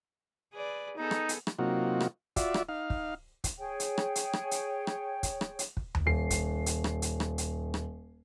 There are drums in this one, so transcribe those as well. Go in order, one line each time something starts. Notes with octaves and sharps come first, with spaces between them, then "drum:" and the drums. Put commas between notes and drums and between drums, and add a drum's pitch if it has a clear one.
G#4 B4 D5
B3 D#4 G#4 A4
drum: rim click
drum: hi-hat
drum: rim click
C3 F#3 A#3 D#4 F4 F#4
drum: rim click
F4 F#4 D5 E5, drum: kick, hi-hat
drum: rim click
D#4 F5
drum: kick
drum: kick, hi-hat
G#4 C#5 G5
drum: hi-hat
drum: rim click
drum: hi-hat
drum: rim click
drum: hi-hat
drum: rim click
drum: kick, hi-hat
drum: rim click
drum: hi-hat
drum: kick
drum: tom D#2
D#1 C7
drum: kick, hi-hat
drum: hi-hat
drum: rim click
drum: hi-hat
drum: rim click
drum: hi-hat
drum: rim click